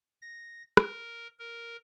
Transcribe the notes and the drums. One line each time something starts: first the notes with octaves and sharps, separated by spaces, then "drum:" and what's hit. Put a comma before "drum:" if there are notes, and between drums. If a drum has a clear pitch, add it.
A#6
A#4, drum: rim click
A#4